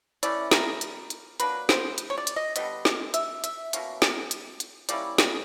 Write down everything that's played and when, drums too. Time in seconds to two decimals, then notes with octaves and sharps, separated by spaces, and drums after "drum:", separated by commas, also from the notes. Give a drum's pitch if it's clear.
0.23 E3 A3 C#4 E4 D5, drum: hi-hat
0.51 A#4, drum: snare
0.81 drum: hi-hat
1.10 drum: hi-hat
1.40 F#3 A#3 D4 B4, drum: hi-hat
1.69 C5, drum: snare
1.98 drum: hi-hat
2.10 C#5
2.18 D5
2.27 drum: hi-hat
2.36 D#5
2.56 D3 G3 B3 D#5, drum: hi-hat
2.85 drum: snare
3.14 E5, drum: hi-hat
3.44 E5, drum: hi-hat
3.73 B2 F#3 A#3 C#4, drum: hi-hat
4.02 drum: snare
4.31 drum: hi-hat
4.60 drum: hi-hat
4.89 G3 A#3 C#4 E4 D5, drum: hi-hat
5.18 drum: snare